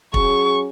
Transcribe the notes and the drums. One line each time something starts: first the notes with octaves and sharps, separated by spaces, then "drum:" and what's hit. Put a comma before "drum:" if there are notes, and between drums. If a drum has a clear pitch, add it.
F#3 C#4 G#4 C#6, drum: kick